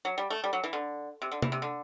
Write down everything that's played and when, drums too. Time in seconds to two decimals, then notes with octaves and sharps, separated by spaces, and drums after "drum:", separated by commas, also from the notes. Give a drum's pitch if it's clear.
0.05 F#3
0.18 G3
0.30 A3
0.44 G3
0.53 F#3
0.64 E3
0.73 D3
1.22 C3
1.32 D3
1.42 E3, drum: tom C3
1.52 C3
1.62 D3